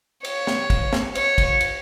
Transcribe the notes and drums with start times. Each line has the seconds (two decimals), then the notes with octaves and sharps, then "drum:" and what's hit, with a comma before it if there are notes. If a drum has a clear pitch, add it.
0.25 C#5, drum: cymbal
0.47 drum: snare
0.70 drum: kick, cymbal
0.93 drum: snare
1.15 C#5, drum: cymbal
1.38 drum: kick, cymbal
1.61 drum: cymbal